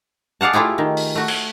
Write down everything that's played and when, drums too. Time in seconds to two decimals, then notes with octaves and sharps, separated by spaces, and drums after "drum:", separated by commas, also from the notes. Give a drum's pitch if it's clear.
0.41 G#4 D5 F5 F#5 A5
0.53 A3 E4 F4 G4 G#4
0.78 D#3
0.97 drum: open hi-hat
1.15 A3 F#4
1.28 drum: cymbal